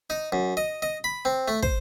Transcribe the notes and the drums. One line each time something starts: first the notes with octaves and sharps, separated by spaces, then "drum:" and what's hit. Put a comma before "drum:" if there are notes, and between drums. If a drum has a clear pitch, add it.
D#4
F#2
D#5
D#5
B5
C4
A3
C5, drum: kick